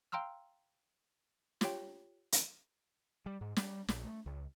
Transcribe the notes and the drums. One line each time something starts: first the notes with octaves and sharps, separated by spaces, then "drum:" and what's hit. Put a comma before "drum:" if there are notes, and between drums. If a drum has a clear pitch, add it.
F5 G5 A#5 C6 E6 F6
F4 G4 C#5 G5, drum: snare
drum: hi-hat
G3
G#2
G3, drum: snare
A#1, drum: snare
A3
C#2